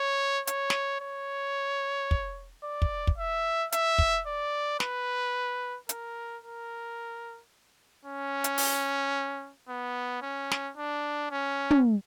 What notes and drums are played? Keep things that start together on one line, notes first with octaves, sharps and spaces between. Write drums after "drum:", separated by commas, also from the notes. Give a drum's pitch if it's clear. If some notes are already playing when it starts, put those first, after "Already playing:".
Already playing: C#5
C#5, drum: hi-hat
drum: snare
C#5
drum: kick
D5
drum: kick
drum: kick
E5
E5, drum: hi-hat
drum: kick
D5
B4, drum: snare
A#4, drum: hi-hat
A#4
C#4
drum: hi-hat
drum: open hi-hat
B3
C#4
drum: snare
D4
C#4
drum: tom